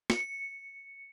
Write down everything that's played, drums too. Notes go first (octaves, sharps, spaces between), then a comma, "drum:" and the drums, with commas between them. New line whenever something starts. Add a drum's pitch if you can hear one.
C#7, drum: snare